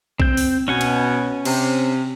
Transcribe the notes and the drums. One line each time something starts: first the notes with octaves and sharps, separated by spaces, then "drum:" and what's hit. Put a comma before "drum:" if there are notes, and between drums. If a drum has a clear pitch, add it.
C4 G6, drum: kick A#1
drum: open hi-hat
B2 C#4 F#5 G#5
drum: cymbal
C3, drum: cymbal